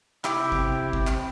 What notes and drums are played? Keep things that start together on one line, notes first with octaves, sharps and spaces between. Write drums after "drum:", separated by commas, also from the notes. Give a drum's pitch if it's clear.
C3 C4 E4 G4, drum: clap
drum: kick G1
drum: kick G1
drum: clap